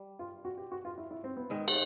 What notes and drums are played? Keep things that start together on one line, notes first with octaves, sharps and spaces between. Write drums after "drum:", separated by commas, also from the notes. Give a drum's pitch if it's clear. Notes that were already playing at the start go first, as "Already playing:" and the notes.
Already playing: G3
F4
F#4
G4
F#4
F4
E4
E4
C4
B3
G#2 D#3 G#3
drum: cymbal